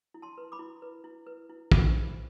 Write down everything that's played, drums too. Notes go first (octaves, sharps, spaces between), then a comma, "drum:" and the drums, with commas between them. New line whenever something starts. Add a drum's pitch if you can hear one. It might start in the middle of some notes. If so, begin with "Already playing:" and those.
E4
A5 C6
B4
B5 D6
E4
B4
E4
B4
E4
C5 B5 D6, drum: kick